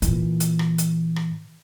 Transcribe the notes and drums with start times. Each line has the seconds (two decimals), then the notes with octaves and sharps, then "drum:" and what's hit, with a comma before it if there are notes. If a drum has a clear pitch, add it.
0.02 A#2 E3, drum: kick, hi-hat
0.40 drum: hi-hat
0.59 drum: rim click
0.78 drum: hi-hat
1.16 drum: rim click